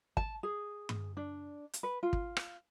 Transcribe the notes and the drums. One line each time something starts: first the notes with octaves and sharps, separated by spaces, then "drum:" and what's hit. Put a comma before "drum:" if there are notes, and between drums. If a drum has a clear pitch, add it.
A5, drum: kick
G#4
drum: tom G2
D4
drum: hi-hat
B4
F4
drum: kick
drum: rim click